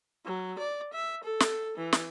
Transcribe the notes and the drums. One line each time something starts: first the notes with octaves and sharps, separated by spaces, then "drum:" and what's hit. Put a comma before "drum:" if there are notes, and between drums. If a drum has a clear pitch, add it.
F#3
D5
E5
A4
drum: snare
E3
drum: snare